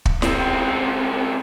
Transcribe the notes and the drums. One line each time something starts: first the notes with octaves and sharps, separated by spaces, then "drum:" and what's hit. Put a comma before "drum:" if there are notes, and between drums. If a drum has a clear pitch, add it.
drum: kick
C#2 C4, drum: snare